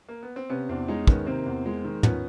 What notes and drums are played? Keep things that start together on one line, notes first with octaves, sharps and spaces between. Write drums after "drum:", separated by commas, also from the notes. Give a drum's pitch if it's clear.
A#3
B3
C4
C3 B3 C#4
E2 C4 D4
G#3 C#4 D#4
D#3 B3 C#4, drum: kick
C3 A#3 C4
E2
G#3
D#3
F3 B3 C#4, drum: tom